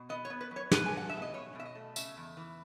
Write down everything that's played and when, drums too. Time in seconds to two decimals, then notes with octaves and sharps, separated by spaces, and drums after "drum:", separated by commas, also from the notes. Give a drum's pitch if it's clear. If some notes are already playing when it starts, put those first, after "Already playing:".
Already playing: B2
0.09 B3 D#5
0.25 C#5
0.30 B3
0.41 B4
0.51 F#3
0.56 C#5
0.71 A3 B4, drum: snare
0.86 G#5
0.93 A3 F#5
1.09 B2 E5
1.22 D#5
1.34 B2 C#5
1.55 B2 E5
1.65 D#5
1.75 A3
1.96 C#3 E5, drum: tambourine
2.17 E2
2.37 E3